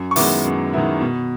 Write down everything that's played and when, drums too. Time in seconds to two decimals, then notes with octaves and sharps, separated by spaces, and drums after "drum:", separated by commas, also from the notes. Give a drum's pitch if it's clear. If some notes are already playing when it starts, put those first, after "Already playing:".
Already playing: F#2
0.11 C#6
0.16 D#3 G#3 B3 E4 D6, drum: open hi-hat
0.45 F#2
0.73 D#3 G#3 B3 E4
1.01 B2